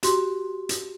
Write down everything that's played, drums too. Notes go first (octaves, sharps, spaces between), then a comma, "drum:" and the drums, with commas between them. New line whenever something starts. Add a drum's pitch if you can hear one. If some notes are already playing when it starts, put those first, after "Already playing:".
F#4 G4 C6, drum: hi-hat
drum: hi-hat